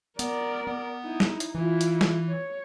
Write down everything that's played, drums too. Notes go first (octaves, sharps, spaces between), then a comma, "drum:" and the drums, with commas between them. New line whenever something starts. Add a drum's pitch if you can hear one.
B3 A#4 D5, drum: hi-hat
B3
D#4 E4
drum: snare
drum: hi-hat
E3 E4 F4
drum: hi-hat
drum: snare
C#5